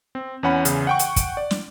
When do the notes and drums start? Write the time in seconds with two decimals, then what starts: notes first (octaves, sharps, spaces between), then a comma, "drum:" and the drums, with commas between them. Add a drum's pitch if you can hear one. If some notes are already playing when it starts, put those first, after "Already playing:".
0.15 C4
0.43 E2 C#4 F#5 B5
0.65 E2 C#3, drum: hi-hat
0.87 F#5 G5 C#6
0.99 drum: hi-hat
1.16 drum: kick, hi-hat
1.37 D5
1.51 drum: snare